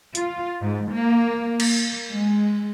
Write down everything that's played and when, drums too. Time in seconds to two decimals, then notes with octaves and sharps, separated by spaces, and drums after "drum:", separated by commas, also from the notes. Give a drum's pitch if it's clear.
0.15 F4, drum: hi-hat
0.61 G#2
0.92 A#3
1.60 A#3, drum: cymbal
2.13 G#3